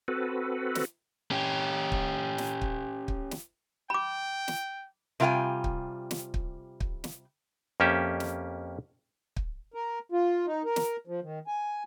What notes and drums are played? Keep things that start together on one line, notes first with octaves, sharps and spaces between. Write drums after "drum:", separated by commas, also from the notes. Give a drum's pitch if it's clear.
C4 F#4 A4 B4
drum: snare
C#4 G4
drum: kick
drum: snare
drum: kick
drum: kick
drum: snare
G5 B5 D6
drum: snare
C3 G3 F4 B4 G5 G#5
drum: kick
drum: snare
drum: kick
drum: kick
drum: snare
F2 A#3 C#4 G4 E5
drum: snare
drum: kick
A#4
F4
D#4
A#4
drum: snare
F3
D#3
G#5